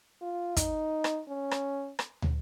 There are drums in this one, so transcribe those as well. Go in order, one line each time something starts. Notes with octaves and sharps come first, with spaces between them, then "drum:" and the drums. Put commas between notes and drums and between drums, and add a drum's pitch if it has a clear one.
F4
D#4, drum: kick, hi-hat
drum: rim click
C#4
drum: rim click
drum: rim click
drum: tom